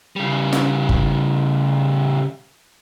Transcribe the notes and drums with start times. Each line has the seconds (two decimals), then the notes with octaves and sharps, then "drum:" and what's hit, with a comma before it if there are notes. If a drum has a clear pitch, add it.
0.16 C#3 G3
0.53 drum: snare
0.89 drum: kick G1